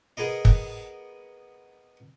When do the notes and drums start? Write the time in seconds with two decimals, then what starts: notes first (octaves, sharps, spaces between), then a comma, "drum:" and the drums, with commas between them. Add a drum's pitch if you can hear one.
0.17 B3 G#4 A#4 D#5
0.45 drum: kick